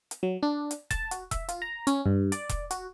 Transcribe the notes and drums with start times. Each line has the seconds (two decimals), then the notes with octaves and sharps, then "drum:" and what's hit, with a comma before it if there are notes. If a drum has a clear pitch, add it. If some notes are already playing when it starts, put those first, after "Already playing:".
0.11 drum: hi-hat
0.23 F#3
0.43 D4
0.71 drum: hi-hat
0.90 A5, drum: kick E1, hi-hat
1.11 F#4, drum: hi-hat
1.31 E5, drum: kick E1, hi-hat
1.49 F4, drum: hi-hat
1.62 A#5
1.87 C#4, drum: hi-hat
2.06 G2
2.32 D5, drum: hi-hat
2.49 drum: kick E1, hi-hat
2.71 F#4, drum: hi-hat